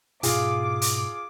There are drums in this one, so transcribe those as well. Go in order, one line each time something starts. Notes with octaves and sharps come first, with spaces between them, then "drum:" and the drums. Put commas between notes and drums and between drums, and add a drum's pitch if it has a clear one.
G#2 B2 F4 G#4 D6, drum: hi-hat
drum: hi-hat